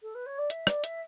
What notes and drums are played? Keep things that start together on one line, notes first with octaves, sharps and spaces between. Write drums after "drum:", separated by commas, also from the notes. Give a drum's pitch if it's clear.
A4
B4
C#5
D5
E5, drum: hi-hat
D5, drum: rim click
E5, drum: hi-hat